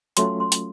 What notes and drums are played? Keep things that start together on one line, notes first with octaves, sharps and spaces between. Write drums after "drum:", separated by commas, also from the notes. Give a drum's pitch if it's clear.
F#3 A3 C#4 F4 C6, drum: hi-hat
C6
drum: hi-hat